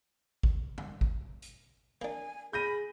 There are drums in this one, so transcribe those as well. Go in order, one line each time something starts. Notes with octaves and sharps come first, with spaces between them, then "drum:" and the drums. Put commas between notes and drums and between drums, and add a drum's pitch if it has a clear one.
drum: kick
drum: tom F#2
drum: kick
drum: hi-hat
A#3 D4 G#5
G#4 B5 G6 A#6 D#7